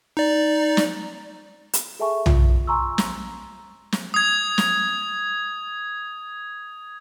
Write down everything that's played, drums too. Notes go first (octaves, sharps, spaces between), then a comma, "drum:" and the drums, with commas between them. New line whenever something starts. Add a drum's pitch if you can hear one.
D#4 D5
drum: snare
drum: hi-hat
G#4 A4 E5 G#5 A5 C#6
F4, drum: tom B1
G#5 A#5 C6 C#6 E6
drum: snare
drum: snare
D#6 G#6
drum: snare